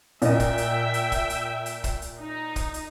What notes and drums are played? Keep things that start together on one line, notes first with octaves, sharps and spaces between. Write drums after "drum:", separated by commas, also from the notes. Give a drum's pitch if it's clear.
A#2 D#5 E5 G5, drum: hi-hat
drum: kick, hi-hat
drum: hi-hat
drum: hi-hat
drum: kick, hi-hat
drum: hi-hat
drum: hi-hat
drum: kick, hi-hat
drum: hi-hat
D#4
drum: kick, hi-hat
drum: hi-hat